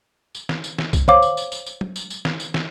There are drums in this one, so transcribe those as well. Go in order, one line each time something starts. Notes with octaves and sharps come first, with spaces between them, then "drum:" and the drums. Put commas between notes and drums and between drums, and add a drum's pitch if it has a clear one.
drum: tambourine
drum: snare
drum: tambourine
drum: snare
drum: kick C2, tambourine
C5 C#5 F5 D6, drum: tom
drum: tambourine
drum: tambourine
drum: tambourine
drum: tambourine
drum: tom
drum: tambourine
drum: tambourine
drum: snare
drum: tambourine
drum: snare